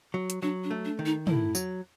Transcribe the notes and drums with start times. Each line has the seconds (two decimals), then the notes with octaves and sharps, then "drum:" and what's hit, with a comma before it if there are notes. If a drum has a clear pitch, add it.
0.14 F#3
0.30 drum: hi-hat
0.42 F#3 D4
0.64 D4
0.71 A3
0.85 D4
0.99 D#3
1.06 D#4
1.27 A2 E4, drum: tom
1.55 F#3, drum: tambourine